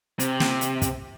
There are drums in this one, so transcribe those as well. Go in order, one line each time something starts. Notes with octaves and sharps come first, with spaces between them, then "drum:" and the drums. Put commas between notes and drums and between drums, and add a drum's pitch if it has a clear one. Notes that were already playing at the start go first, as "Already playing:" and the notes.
C3, drum: hi-hat
drum: snare
drum: hi-hat
drum: kick, hi-hat